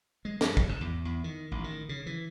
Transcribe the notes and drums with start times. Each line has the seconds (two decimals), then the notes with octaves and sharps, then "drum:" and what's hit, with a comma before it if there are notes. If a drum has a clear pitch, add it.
0.25 G#3
0.41 G2, drum: snare
0.57 drum: kick
0.69 G#2
0.81 E2
1.05 E2
1.24 D#3
1.51 A1
1.64 D#3
1.89 C#3
2.06 E3